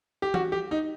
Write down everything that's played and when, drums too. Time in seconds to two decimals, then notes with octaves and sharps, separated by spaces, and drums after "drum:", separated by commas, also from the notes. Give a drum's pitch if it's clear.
0.22 G4
0.34 F#4, drum: tom E3
0.52 G4
0.71 D#4